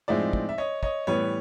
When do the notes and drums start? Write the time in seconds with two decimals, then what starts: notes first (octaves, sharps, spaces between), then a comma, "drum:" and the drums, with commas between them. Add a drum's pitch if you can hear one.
0.08 A2 F3 G#3 C4 D#4 D5 E5
0.33 drum: kick
0.49 E5
0.58 C#5 D#5
0.83 C#5 D#5, drum: kick
1.07 A2 E3 G3 B3 B4 C#5